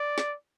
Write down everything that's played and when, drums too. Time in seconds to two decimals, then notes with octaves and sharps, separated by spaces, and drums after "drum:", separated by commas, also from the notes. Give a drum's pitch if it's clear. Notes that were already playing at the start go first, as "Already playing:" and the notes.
Already playing: D5
0.18 drum: snare